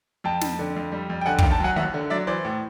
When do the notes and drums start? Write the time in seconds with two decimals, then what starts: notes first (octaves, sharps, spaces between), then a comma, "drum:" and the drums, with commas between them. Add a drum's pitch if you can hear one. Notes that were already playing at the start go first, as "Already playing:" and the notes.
0.24 F2 G5 A5
0.41 F2, drum: snare
0.59 D3
0.76 F2
0.92 G3
1.10 F2
1.21 G5
1.26 D3 F#5 G#5
1.38 F5 G5, drum: kick
1.43 D#2
1.51 G5 A5
1.60 F#3 F#5 G#5
1.76 D#2 E5 F#5
1.94 D3
2.10 F#3 D5 E5
2.27 E3 C5 D5
2.45 A2